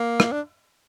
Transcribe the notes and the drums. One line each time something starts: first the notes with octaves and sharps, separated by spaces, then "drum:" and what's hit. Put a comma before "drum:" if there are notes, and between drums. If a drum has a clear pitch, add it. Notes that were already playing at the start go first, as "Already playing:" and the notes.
Already playing: A#3
drum: rim click
D4